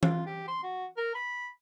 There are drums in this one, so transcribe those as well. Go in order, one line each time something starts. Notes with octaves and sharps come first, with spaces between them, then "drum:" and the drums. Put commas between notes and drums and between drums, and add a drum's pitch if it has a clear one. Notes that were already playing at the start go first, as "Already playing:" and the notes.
F4, drum: tom E3
G4
C6
F#4
A#4
B5